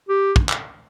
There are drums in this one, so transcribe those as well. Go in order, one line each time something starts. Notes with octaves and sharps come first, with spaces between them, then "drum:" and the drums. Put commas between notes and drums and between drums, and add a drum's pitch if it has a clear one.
G4
drum: kick
drum: clap